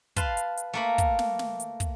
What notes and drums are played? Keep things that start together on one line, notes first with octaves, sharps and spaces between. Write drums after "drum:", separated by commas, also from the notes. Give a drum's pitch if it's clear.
B4 F5 A5 C6, drum: kick, hi-hat
drum: hi-hat
drum: hi-hat
A3 A#3 B5
drum: kick, hi-hat
drum: snare
drum: snare
drum: hi-hat
drum: kick, hi-hat